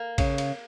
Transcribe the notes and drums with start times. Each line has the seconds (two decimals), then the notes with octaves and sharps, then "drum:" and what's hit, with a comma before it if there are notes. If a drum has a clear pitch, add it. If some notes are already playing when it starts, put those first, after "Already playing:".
Already playing: A#3
0.18 C#3, drum: kick A1, cymbal
0.38 drum: cymbal